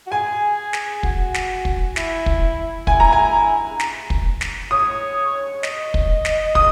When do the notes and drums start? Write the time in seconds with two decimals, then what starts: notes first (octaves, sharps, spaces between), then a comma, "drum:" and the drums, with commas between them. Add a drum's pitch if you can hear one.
0.07 F#4
0.11 G#4 G#5
0.73 drum: snare
1.03 F#4, drum: kick
1.34 drum: snare
1.65 drum: kick
1.96 E4, drum: snare
2.26 drum: kick
2.87 E4 G#5, drum: kick
3.00 A#5
3.13 G#5
3.80 drum: snare
4.10 drum: kick
4.41 drum: snare
4.71 C#5 D#6
5.63 D#5, drum: snare
5.94 drum: kick
6.25 drum: snare
6.55 D#6, drum: kick